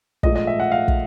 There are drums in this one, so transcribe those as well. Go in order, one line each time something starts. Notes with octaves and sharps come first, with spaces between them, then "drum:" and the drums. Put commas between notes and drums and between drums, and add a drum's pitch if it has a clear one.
A#1 G#2 F3 A3 D#5, drum: kick
D#5
E5
F#5
F5
drum: kick